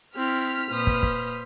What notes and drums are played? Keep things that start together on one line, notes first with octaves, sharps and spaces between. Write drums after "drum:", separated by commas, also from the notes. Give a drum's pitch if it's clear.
C4 E4 F6 B6
A#2 B4 C5 D#6
drum: kick
drum: kick